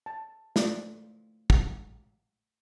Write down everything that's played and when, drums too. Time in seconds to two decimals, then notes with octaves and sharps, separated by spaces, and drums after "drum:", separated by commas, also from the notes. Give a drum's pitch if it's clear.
0.06 A5
0.56 A3 F4 D5, drum: snare
1.50 drum: kick